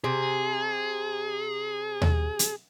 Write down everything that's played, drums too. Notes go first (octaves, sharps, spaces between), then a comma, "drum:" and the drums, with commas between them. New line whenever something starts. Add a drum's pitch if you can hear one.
C3 G#4
drum: tom D#2
drum: hi-hat